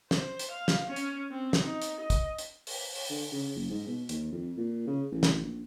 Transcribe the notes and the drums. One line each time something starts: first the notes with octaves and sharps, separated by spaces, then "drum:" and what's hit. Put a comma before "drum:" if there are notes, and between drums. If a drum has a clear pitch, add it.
C5, drum: snare
drum: hi-hat
F5
drum: snare
C#4
drum: hi-hat
C4
drum: snare
D#4
drum: hi-hat
D#5
drum: kick, hi-hat
drum: hi-hat
drum: open hi-hat
drum: open hi-hat
D3
C#3
F#1
G#2
B2
D#2, drum: hi-hat
F2
A#2
C#3
A1
drum: snare
A#1